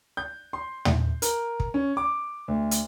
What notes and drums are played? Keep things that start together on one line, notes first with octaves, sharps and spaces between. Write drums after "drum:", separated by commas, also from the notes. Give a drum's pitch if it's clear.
G6
C6
drum: tom
A#4, drum: hi-hat
drum: kick
C#4
D6
D2
drum: hi-hat